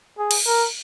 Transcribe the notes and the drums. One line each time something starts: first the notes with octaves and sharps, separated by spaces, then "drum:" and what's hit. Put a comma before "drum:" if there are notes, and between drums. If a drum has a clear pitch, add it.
G#4
drum: cymbal
A#4